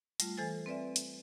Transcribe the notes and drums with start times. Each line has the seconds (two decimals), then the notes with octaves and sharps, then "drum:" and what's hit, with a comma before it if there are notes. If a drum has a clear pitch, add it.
0.20 G3 A3 F4, drum: hi-hat
0.37 E3 A4 C5 G#5 A6
0.66 C4 B4 D5 E5
0.96 drum: hi-hat